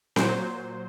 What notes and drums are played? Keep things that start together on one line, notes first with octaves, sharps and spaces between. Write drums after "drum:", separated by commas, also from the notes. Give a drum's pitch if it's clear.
A#2 F#3 C5, drum: snare C4